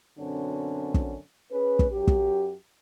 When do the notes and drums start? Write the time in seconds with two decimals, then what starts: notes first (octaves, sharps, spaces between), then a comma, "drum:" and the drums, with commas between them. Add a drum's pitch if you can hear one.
0.18 F#2 B2 D3 C4 C#4
0.94 drum: kick
1.51 C#4 G#4 B4
1.79 drum: kick
1.92 F#2 F#3 G4
2.08 drum: kick